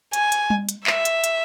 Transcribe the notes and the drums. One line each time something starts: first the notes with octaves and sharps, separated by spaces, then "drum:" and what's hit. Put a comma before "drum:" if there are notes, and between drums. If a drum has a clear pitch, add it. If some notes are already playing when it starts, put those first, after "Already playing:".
G#5, drum: hi-hat
drum: hi-hat
drum: tom G3
drum: hi-hat
E5, drum: clap
drum: hi-hat
drum: hi-hat